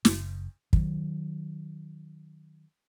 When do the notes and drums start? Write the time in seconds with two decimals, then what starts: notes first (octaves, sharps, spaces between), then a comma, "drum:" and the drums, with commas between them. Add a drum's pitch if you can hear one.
0.05 F#1, drum: snare
0.73 D#3 F#3, drum: kick